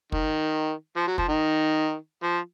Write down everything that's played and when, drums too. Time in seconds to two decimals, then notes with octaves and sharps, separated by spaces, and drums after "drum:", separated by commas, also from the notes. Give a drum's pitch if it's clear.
0.12 D#3, drum: kick
0.96 F3
1.07 F#3
1.18 F3, drum: kick
1.29 D#3
2.23 F3